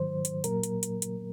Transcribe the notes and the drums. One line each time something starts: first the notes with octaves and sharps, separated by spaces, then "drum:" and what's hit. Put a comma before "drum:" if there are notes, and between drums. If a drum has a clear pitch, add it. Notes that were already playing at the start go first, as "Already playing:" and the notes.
Already playing: G#2 D#3 F#3 C5
drum: hi-hat
A#2 F#3 A#3 A#4, drum: hi-hat
drum: hi-hat
drum: hi-hat
drum: hi-hat